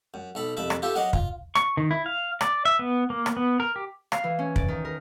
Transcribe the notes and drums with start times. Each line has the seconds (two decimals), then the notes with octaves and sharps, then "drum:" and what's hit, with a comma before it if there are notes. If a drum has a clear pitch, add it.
0.14 F#2
0.35 B1 A4 B5
0.57 C2 F2 E5 A5 B5
0.70 drum: rim click
0.82 F4 G4 A4 E5
0.95 F#3 F#4 A#4 D#5 F#5 D6
1.13 F4, drum: kick
1.55 C#6, drum: rim click
1.77 D#3
1.91 E4
2.06 F5
2.41 D5, drum: rim click
2.65 E5
2.79 B3
3.10 A#3
3.26 drum: rim click
3.37 B3
3.60 A#4
3.76 G4
4.12 F5, drum: rim click
4.24 E3
4.39 C#4
4.56 D5, drum: kick
4.68 D#3
4.85 A#4